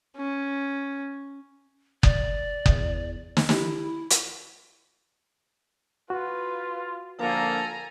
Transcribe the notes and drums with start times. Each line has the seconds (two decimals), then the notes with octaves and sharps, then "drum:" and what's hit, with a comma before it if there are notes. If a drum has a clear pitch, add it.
0.17 C#4
2.03 D5, drum: kick F#1
2.66 E2, drum: kick F#1
3.37 drum: snare
3.49 E4 G4, drum: snare
4.10 drum: hi-hat
6.10 F4 F#4 B4
7.20 D3 F3 A#3 A4 G#5 A#5